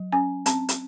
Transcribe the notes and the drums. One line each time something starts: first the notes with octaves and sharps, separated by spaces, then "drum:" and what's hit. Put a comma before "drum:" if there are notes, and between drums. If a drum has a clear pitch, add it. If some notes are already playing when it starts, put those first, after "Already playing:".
Already playing: F#3
C#4 G#5
C4 A5, drum: hi-hat
drum: hi-hat